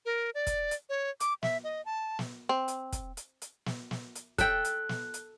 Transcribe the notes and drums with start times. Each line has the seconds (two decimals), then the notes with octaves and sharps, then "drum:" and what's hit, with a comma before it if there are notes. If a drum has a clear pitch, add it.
0.06 A#4
0.35 D5
0.47 drum: kick, hi-hat
0.71 drum: hi-hat
0.89 C#5
1.20 D6, drum: hi-hat
1.43 E5, drum: snare
1.64 D#5
1.85 A5
2.19 drum: snare
2.49 C4
2.68 drum: hi-hat
2.93 drum: kick, hi-hat
3.17 drum: hi-hat
3.42 drum: hi-hat
3.66 drum: snare
3.91 drum: snare
4.15 drum: hi-hat
4.38 A4 E5 G5 F#6, drum: kick, hi-hat
4.65 drum: hi-hat
4.89 drum: snare
5.14 drum: hi-hat